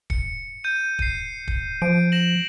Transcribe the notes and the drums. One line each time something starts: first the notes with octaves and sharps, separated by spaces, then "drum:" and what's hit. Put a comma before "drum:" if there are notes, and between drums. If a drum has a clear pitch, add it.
C#7, drum: kick
G6 D#7
C7 D#7, drum: kick
drum: kick
F3 D7
A#6 E7 F#7